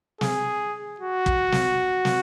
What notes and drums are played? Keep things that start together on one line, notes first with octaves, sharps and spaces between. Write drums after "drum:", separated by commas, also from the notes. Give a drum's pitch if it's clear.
G#4, drum: snare
F#4
drum: kick
drum: snare
drum: snare